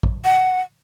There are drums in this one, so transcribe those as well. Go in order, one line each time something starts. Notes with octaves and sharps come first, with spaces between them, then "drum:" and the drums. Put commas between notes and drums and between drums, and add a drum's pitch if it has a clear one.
drum: kick
F#5